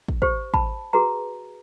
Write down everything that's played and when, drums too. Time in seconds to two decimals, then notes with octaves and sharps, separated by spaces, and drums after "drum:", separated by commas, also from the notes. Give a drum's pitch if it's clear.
0.08 drum: kick
0.22 G4 C5, drum: kick
0.54 A5 B5, drum: kick
0.93 F#4 G#4 B4 A#5